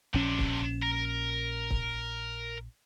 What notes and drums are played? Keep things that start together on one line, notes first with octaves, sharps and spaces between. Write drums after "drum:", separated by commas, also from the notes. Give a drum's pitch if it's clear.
A#1 C3 C#4 D4
drum: kick C#1
A#4 A#5
drum: kick C#1